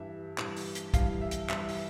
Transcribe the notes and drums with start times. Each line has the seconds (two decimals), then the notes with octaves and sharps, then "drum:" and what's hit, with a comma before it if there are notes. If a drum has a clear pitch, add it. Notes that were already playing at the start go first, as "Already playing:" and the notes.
Already playing: G2 E3 G3 E5
0.38 G2 E3 G3, drum: clap
0.57 drum: open hi-hat
0.75 drum: hi-hat
0.94 G2 E3 G3 F5, drum: kick, hi-hat
1.21 E5
1.31 drum: hi-hat
1.49 G2 E3 G3 E5, drum: clap
1.69 drum: open hi-hat